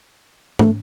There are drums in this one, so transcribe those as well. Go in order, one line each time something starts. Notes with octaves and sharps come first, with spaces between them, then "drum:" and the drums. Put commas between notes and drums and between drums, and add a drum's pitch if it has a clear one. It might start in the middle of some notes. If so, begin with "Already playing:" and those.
A3, drum: tom